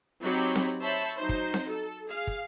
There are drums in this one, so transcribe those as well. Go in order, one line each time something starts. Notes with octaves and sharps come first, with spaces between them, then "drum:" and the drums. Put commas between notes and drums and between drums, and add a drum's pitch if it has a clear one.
F#3 C4 D#4 G4 C#5 B5
drum: snare C4
C5 C#5 E5 A5 B5
F#3 D#4 C5
drum: kick
drum: snare C4
A4
G#4 F5
drum: kick